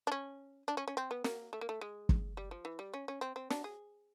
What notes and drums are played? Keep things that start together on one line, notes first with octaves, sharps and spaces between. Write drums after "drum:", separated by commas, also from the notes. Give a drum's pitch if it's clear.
D4
C#4
D4
C#4
C#4
C4
B3
A#3, drum: snare
A3
A#3
A3
G#3
drum: kick
G3
F3
E3
G3
C#4
C#4
C4
C4
D4, drum: snare
G#4